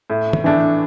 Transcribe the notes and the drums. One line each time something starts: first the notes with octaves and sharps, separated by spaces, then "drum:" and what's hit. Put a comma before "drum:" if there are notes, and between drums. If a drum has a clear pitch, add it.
A2
drum: tom
E3 A3 D4